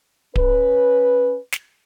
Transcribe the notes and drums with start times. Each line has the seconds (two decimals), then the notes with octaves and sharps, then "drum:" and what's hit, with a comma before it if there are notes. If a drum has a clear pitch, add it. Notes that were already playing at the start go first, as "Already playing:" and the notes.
0.36 C#4 B4, drum: kick D1
1.52 drum: snare